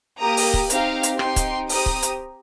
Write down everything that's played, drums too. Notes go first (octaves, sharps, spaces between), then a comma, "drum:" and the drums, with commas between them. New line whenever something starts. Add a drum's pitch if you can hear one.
A#3 G4 A#5 D#6
drum: open hi-hat
drum: kick C#1
C4 D#4 G4 F5 A#5, drum: hi-hat
drum: hi-hat
C4 D#4 G4 G5 C6, drum: rim click
drum: kick C#1, hi-hat
C4 G4 A#5 D#6, drum: open hi-hat
drum: kick C#1
drum: hi-hat